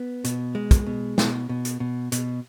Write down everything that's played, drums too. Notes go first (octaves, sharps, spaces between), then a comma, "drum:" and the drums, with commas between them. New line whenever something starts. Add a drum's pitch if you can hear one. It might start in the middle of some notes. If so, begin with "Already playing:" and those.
Already playing: B3
B2, drum: hi-hat
G#3
drum: kick, hi-hat
B2
B2, drum: snare
B2
drum: hi-hat
B2
B2, drum: hi-hat